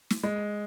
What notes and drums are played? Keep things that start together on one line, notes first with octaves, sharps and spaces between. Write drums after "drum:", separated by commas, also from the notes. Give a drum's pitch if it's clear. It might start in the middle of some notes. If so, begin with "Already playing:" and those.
drum: snare
G#3